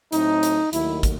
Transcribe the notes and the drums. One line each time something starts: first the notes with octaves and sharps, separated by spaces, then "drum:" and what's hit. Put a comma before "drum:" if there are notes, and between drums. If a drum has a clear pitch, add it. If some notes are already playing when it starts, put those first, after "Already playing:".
A2 F#3 A3 C4 D#4, drum: hi-hat
drum: hi-hat
D#2 D#3 F#3 A3 E4, drum: hi-hat
drum: kick, hi-hat